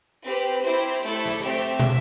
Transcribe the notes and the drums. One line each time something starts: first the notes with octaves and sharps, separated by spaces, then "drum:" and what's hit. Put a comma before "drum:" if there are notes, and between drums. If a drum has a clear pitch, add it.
C4 G4 B4
C4 E4 G4 C5
A3 E4 A4
drum: rim click
A3 C4 G4 E5
drum: tom